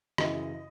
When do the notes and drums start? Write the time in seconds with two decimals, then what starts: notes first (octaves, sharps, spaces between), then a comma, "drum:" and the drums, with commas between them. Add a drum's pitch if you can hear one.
0.18 F#2 C#3 E3 D#5, drum: rim click